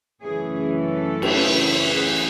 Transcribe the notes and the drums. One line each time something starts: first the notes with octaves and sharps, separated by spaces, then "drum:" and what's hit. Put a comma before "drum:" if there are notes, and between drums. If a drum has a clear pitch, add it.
F#2 C#3 E3 A3 C#4 G#4
A4
drum: cymbal
G#4